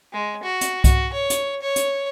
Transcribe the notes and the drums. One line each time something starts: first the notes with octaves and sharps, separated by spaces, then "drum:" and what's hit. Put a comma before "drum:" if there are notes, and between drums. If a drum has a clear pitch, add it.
G#3
F#4
drum: hi-hat
F#4, drum: kick C2, hi-hat
C#5
drum: hi-hat
C#5
drum: hi-hat